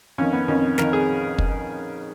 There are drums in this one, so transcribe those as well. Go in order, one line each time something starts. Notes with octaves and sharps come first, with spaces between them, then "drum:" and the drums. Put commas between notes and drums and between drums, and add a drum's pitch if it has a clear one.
F2 D#3 C#4
B3
F2 D#3 C#4
F2 D#3 A#4, drum: snare
G#4
drum: kick